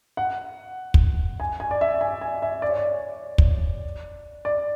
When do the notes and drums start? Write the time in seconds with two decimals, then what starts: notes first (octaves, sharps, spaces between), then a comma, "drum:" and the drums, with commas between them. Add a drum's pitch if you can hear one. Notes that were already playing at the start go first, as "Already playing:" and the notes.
0.17 F#5
0.94 drum: kick
1.40 G#5
1.60 G#5
1.71 D5
1.81 E5
2.01 G#5
2.21 G#5
2.42 E5
2.62 D5
2.69 C#5
2.77 D5
3.38 drum: kick
4.45 D5